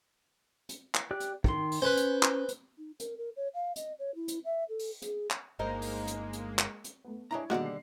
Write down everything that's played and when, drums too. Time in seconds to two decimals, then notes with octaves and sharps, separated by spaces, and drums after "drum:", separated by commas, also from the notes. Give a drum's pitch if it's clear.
0.69 drum: hi-hat
0.95 drum: clap
1.11 G4 D5 F#6
1.20 drum: hi-hat
1.44 D#3 C6, drum: kick
1.71 drum: open hi-hat
1.82 C#4 B4 C5
1.97 drum: hi-hat
2.23 drum: clap
2.48 drum: hi-hat
2.78 D#4
3.00 A#4, drum: hi-hat
3.18 A#4
3.36 C#5
3.54 F5
3.76 D#5, drum: hi-hat
3.99 C#5
4.15 E4
4.28 drum: hi-hat
4.45 E5
4.69 A4
4.79 drum: open hi-hat
5.02 G#4, drum: hi-hat
5.30 drum: clap
5.59 G1 G#3 A#3 D#4 A#4 C5
5.82 drum: open hi-hat
6.07 drum: hi-hat
6.33 drum: hi-hat
6.59 drum: clap
6.84 drum: hi-hat
7.05 A3 B3
7.31 G#3 D4 E4 C#5 A#5
7.50 B2 D3 D#3 G3 G#3 A#3 F#4 D5
7.65 C7